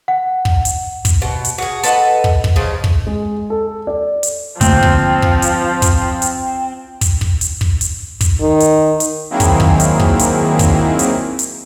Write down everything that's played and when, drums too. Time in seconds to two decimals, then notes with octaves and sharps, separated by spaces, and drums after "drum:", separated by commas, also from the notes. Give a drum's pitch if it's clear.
0.08 F#5
0.45 drum: kick
0.65 drum: hi-hat
1.05 drum: kick, hi-hat
1.22 B2
1.45 drum: hi-hat
1.58 F#4 G#4
1.83 A4 B4 D#5 F#5, drum: hi-hat
2.24 drum: kick
2.44 drum: kick
2.56 C#3 F3 D#5
2.84 drum: kick
3.07 G#3
3.50 A4
3.87 D5
4.23 drum: hi-hat
4.61 D3 F3 A3 A#3 C4, drum: kick, hi-hat
4.83 drum: kick
5.22 drum: kick
5.42 drum: hi-hat
5.82 drum: kick, hi-hat
6.22 drum: hi-hat
7.01 drum: kick, hi-hat
7.21 drum: kick
7.41 drum: hi-hat
7.61 drum: kick
7.81 drum: hi-hat
8.21 drum: kick, hi-hat
8.40 D#3
8.60 drum: hi-hat
9.00 drum: hi-hat
9.30 D#3 F#3 A#3 C4 E4 G#4
9.40 drum: kick, hi-hat
9.60 drum: kick
9.80 drum: hi-hat
10.00 drum: kick
10.19 drum: hi-hat
10.59 drum: kick, hi-hat
10.99 drum: hi-hat
11.39 drum: hi-hat